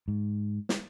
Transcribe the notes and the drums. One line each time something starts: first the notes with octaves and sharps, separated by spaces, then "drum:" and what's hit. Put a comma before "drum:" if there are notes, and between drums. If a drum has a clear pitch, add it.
G#2
drum: snare